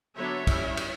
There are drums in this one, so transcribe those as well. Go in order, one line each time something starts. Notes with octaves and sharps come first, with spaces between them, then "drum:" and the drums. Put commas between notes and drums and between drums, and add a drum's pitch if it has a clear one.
D3 F#3 B3 D4 C#5 E5
G3 C#4 E4, drum: kick, cymbal
drum: cymbal